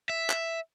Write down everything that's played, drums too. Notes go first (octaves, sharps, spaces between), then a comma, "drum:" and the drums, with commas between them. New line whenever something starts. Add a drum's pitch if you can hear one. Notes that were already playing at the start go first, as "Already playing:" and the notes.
E5
drum: clap